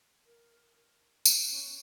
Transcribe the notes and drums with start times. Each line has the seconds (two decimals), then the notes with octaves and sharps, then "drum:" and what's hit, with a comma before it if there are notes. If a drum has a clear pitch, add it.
0.26 A#4
1.25 B3, drum: tambourine
1.50 C#4